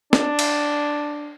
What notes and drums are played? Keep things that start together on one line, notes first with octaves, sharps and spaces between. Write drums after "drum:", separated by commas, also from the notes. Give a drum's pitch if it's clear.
D4, drum: snare
drum: cymbal